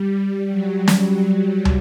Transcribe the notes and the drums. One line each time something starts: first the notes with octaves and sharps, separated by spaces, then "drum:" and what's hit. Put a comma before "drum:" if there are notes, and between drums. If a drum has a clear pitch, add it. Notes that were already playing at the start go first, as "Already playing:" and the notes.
Already playing: G3
F#3
drum: snare
drum: tom